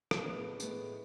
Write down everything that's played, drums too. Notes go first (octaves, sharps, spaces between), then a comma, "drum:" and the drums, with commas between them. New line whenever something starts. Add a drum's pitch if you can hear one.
drum: rim click
A2 G#3 B3
A2 G#3 B3, drum: tambourine